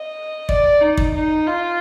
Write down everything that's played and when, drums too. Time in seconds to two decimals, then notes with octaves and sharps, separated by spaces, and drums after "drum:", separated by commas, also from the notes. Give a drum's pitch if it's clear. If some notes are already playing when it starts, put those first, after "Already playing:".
Already playing: D#5
0.49 D5, drum: kick
0.81 D#4
0.97 drum: kick
1.14 D#4
1.47 F4